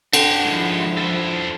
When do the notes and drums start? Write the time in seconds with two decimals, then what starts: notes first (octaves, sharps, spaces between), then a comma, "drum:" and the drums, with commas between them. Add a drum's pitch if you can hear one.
0.13 D3 F#4 G5, drum: cymbal
0.45 D#3 F3 G#3 E4
0.97 A4 C5